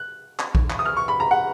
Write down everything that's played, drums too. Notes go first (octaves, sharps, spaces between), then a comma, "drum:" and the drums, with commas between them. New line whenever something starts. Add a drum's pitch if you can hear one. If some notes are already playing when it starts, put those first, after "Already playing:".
Already playing: F#6
drum: clap
drum: kick A#1
drum: clap
D#6
F6
C#6
B5
A#5
F#5